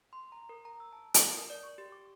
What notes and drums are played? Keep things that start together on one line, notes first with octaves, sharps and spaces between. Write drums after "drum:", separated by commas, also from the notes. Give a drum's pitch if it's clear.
C6
A#5
A#4
A#5
E6
A5
D#5, drum: hi-hat
A#4
D5
C#6
G4
D6